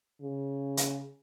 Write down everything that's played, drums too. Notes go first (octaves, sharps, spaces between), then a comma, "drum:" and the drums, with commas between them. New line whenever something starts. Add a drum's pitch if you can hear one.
C#3
drum: hi-hat